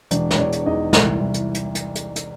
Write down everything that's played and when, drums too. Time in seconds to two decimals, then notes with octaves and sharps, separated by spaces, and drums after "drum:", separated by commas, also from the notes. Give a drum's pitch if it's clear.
0.11 E1 D4 D5, drum: hi-hat
0.31 C#5, drum: snare
0.38 E2 D4 D5
0.52 drum: hi-hat
0.66 E2 D#4 D#5
0.93 C2 E4 E5, drum: snare
1.20 C2
1.34 drum: hi-hat
1.54 drum: hi-hat
1.75 drum: hi-hat
1.95 drum: hi-hat
2.16 drum: hi-hat